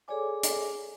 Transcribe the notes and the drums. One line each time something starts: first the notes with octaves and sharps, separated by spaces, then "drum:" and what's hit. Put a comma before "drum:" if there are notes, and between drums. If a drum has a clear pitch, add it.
G#4 A4 C#5 D5 G#5 D6
drum: hi-hat